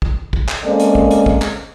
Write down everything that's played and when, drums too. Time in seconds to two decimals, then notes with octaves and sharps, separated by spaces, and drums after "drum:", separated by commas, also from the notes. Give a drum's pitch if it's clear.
0.02 drum: kick
0.33 drum: kick
0.49 drum: clap
0.64 G#3 A#3 C4 C#4 A4 D5
0.80 drum: hi-hat
0.95 drum: kick
1.11 drum: hi-hat
1.26 drum: kick
1.42 drum: clap